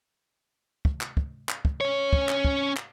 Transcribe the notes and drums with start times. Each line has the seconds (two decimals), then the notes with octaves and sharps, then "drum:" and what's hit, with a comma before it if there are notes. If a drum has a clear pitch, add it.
0.85 drum: kick
1.01 drum: clap
1.17 drum: kick
1.49 drum: clap
1.65 drum: kick
1.81 C#4 C#5
2.13 drum: kick
2.29 drum: clap
2.45 drum: kick
2.77 drum: clap